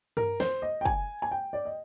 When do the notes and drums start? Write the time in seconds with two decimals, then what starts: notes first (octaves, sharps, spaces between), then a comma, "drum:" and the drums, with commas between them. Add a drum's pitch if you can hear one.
0.17 A#4, drum: tom G2
0.40 C5, drum: snare
0.62 D#5
0.81 G5
0.85 G#5, drum: kick
1.22 G#5
1.31 G5
1.53 D5
1.65 D#5